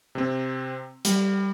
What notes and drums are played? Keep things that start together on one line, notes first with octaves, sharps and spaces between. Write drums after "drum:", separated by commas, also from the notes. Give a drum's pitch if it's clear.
C3 C4
G3, drum: hi-hat